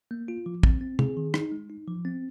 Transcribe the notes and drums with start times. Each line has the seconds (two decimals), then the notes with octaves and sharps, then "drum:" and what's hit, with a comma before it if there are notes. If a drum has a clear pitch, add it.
0.11 A#3
0.28 F4
0.46 F3
0.63 C4, drum: kick
0.81 C4
0.99 G#4, drum: tom
1.17 D#3
1.34 D#4, drum: rim click
1.52 G#3
1.70 D#4
1.88 F3
2.05 C4